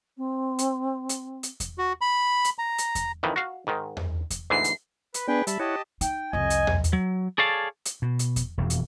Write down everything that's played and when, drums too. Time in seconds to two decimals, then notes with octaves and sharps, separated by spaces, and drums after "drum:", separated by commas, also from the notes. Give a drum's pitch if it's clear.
0.17 C4
0.59 drum: hi-hat
1.09 drum: hi-hat
1.43 drum: hi-hat
1.60 drum: kick E2, hi-hat
1.78 F#4
2.01 B5
2.44 drum: hi-hat
2.59 A#5
2.78 drum: hi-hat
2.95 drum: kick E2, hi-hat
3.23 F2 D#3 E3
3.36 F#4 F5
3.67 G#2 D#3
3.97 drum: tom E2
4.30 drum: kick E2, hi-hat
4.50 D2 G#2 E3 C7
4.64 drum: hi-hat
5.14 B4, drum: hi-hat
5.28 B3 D4 G#4 B4 G5
5.47 G3 E5 A5 B5, drum: hi-hat
5.59 E4 G4 C#5 D#5 F#5 A5
6.01 D#4 G5, drum: hi-hat
6.33 C2 F2 D#5 G#5
6.50 drum: hi-hat
6.67 drum: tom E2
6.84 drum: hi-hat
6.93 F#3
7.38 G#4 A4 C#5 D5 F5 A5
7.85 drum: hi-hat
8.02 B2
8.19 drum: hi-hat
8.36 drum: kick E2, hi-hat
8.58 E1 F2
8.70 drum: hi-hat